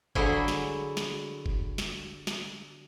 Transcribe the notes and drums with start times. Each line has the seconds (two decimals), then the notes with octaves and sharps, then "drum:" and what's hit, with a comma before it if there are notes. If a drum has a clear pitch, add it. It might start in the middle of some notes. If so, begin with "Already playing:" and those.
0.15 D3 F#3 E4 G#4, drum: kick F#1
0.48 drum: snare
0.97 drum: snare
1.46 drum: kick F#1
1.78 drum: snare
2.27 drum: snare